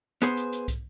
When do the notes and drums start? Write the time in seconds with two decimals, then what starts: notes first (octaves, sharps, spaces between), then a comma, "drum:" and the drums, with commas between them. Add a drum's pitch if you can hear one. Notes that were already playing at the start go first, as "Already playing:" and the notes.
0.22 B3 G#4 C5, drum: hi-hat
0.37 drum: hi-hat
0.53 drum: hi-hat
0.68 drum: kick, hi-hat